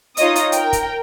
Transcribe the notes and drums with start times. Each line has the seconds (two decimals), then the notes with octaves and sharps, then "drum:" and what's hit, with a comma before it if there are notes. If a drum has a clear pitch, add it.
0.17 D#4 F4 C#5 D#5 D#6, drum: hi-hat
0.35 drum: hi-hat
0.52 A#4 G5, drum: hi-hat
0.73 drum: kick, hi-hat